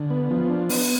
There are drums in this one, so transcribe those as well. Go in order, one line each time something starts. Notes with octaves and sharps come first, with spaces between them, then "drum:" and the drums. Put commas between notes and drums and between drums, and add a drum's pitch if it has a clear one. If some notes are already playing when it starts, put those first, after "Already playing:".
Already playing: D3
B3
F3
D4
B3, drum: open hi-hat